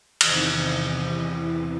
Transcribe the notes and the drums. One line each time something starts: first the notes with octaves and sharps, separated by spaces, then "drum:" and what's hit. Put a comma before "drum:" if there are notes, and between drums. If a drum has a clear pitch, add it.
E2 C3 D#3 E3 D#4, drum: cymbal